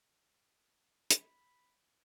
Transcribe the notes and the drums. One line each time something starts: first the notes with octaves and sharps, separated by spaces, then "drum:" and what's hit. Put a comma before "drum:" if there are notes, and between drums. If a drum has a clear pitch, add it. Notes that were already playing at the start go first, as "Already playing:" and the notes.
B5, drum: hi-hat